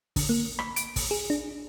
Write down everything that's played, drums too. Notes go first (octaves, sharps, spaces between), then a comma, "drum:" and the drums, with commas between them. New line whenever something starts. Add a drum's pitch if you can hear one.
D3, drum: kick, open hi-hat
A#3
B5, drum: rim click
D7, drum: hi-hat
drum: kick, open hi-hat
G#4
D4